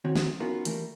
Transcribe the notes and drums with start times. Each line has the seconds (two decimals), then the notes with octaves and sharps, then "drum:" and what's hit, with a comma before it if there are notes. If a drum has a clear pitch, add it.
0.05 D#3 C4 F#4 C#5
0.15 drum: snare
0.40 B3 C#4 D#4 F4 F#4 A#4
0.65 E3 G3 A3 A#4, drum: hi-hat